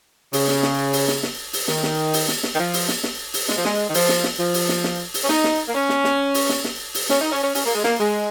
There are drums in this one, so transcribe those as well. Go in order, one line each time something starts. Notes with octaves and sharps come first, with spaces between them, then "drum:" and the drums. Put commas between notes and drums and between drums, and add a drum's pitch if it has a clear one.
C#3, drum: open hi-hat
drum: snare
drum: snare
drum: open hi-hat
drum: snare
drum: snare
drum: open hi-hat
D#3, drum: snare
drum: snare
drum: open hi-hat
drum: snare
drum: snare
D#3
F3
drum: open hi-hat
drum: snare
drum: snare
drum: open hi-hat
G#3, drum: snare
F3
G#3, drum: snare
D#3
F3, drum: open hi-hat
drum: snare
drum: snare
F3
drum: open hi-hat
drum: snare
drum: snare
drum: open hi-hat
C#4
D#4, drum: snare
drum: snare
A#3
C#4
drum: snare
drum: snare
drum: open hi-hat
drum: snare
drum: snare
drum: open hi-hat
C#4, drum: snare
D#4
C#4
C#4
C#4, drum: open hi-hat
A#3
G#3
A#3, drum: snare
G#3